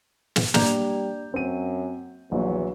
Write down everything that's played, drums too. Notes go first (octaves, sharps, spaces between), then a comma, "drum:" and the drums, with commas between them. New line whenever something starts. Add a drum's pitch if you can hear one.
drum: snare
G3 A#3 D4 A#5 G6 F7, drum: snare
F#2 C4 D#7
A#1 E2 F#3